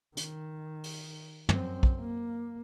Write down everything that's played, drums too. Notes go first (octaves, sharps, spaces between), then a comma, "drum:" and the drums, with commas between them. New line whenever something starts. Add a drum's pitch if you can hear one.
D#3, drum: hi-hat
drum: open hi-hat
F#2 C4, drum: tom
drum: kick
A#3